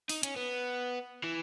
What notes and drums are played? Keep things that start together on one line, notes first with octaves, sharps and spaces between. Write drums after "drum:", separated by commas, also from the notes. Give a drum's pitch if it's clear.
D#4, drum: open hi-hat
C#4, drum: hi-hat
B3
E3